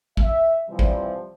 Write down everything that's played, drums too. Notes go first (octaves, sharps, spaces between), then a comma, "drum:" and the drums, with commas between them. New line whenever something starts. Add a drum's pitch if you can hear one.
E5, drum: kick
C3 E3 F3 G3
drum: kick